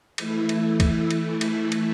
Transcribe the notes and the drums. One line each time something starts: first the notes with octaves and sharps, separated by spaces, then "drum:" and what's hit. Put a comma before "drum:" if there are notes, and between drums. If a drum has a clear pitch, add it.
E3 A3 E4, drum: cymbal
drum: cymbal
drum: kick, cymbal
drum: cymbal
drum: cymbal
drum: cymbal